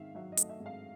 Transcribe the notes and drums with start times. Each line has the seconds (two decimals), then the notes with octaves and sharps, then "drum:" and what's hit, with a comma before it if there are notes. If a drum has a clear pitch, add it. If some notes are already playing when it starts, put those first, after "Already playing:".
Already playing: G#2 D#3 E5 F5
0.15 F#3 E5
0.32 D#5
0.37 A3, drum: hi-hat
0.49 E5
0.60 G#2
0.66 F5